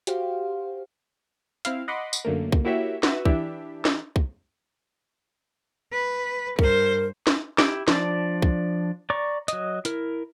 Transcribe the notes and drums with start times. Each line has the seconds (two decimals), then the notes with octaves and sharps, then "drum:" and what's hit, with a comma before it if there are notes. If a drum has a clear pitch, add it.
0.07 F#4 G4 C5 F5, drum: hi-hat
1.65 C4 E4 F5, drum: hi-hat
1.88 D#5 F#5 B5 C6 D6
2.13 drum: tambourine
2.25 F#2 D3 A3 A#3
2.52 drum: kick
2.65 A#3 E4 F#4 G4 C#5 E5
3.03 F#4 B4 E5, drum: snare
3.25 E3 D4 E4 G4 E5, drum: kick
3.85 drum: snare
4.16 drum: kick
5.93 B4
6.59 G2 A#4 C5, drum: kick
7.27 drum: snare
7.58 E4 G4 D6, drum: snare
7.88 F3 D4 D5, drum: snare
8.42 drum: kick
9.10 D5 A#5 C#6 D6
9.48 F#3 D#5, drum: hi-hat
9.85 E4 A#4, drum: hi-hat